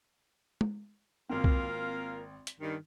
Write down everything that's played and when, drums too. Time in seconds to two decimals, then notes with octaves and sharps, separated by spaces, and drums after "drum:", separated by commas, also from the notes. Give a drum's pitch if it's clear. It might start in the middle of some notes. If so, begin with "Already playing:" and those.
0.61 drum: tom
1.29 G#1 A#3 C4 F4 A#4
1.44 drum: kick
2.47 drum: hi-hat
2.61 G2 D#3